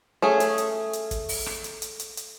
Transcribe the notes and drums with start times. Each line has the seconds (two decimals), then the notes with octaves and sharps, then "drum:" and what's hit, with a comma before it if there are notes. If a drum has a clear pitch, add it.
0.22 A3 C#4 G#4
0.40 drum: hi-hat
0.58 drum: hi-hat
0.93 drum: hi-hat
1.11 drum: kick, hi-hat
1.29 drum: open hi-hat
1.46 drum: rim click
1.64 drum: hi-hat
1.82 drum: hi-hat
2.00 drum: hi-hat
2.17 drum: hi-hat